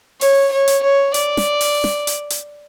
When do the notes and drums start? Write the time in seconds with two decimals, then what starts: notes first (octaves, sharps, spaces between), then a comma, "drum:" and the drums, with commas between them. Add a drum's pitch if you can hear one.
0.21 C#5, drum: open hi-hat
0.52 C#5
0.68 drum: hi-hat
0.83 C#5
1.14 D5, drum: hi-hat
1.37 drum: snare
1.61 drum: open hi-hat
1.84 drum: snare
2.07 drum: hi-hat
2.30 drum: hi-hat